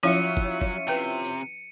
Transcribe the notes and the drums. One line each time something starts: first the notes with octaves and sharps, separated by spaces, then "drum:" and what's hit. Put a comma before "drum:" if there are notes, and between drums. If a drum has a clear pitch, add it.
F3 F#3 C#4 E4 F4 C#7 D#7
drum: kick
drum: kick
C3 B4 G5
drum: tambourine